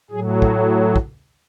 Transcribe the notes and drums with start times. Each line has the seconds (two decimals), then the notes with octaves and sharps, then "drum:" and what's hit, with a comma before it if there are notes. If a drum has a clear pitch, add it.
0.11 A2 F#3 G#4
0.42 F#4, drum: kick
0.96 drum: kick